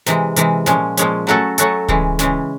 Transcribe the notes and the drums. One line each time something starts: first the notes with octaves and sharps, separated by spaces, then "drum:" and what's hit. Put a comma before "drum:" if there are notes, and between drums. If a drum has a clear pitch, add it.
C3 E3 G#3, drum: snare
C3 E3 G#3, drum: hi-hat
A#2 F3 G#3 C#4, drum: snare
A#2 F3 G#3 C#4, drum: hi-hat
F#3 A3 C#4 F#4 A4
F#3 A3 C#4 F#4 A4, drum: hi-hat
C#3 E3 G#3 C#4, drum: kick D1
C#3 E3 G#3 C#4, drum: snare